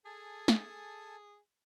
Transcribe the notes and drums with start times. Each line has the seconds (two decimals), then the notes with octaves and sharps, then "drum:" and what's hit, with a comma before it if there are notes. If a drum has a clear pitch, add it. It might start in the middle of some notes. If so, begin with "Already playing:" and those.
0.05 G#4 A4 G#5 A5
0.48 drum: snare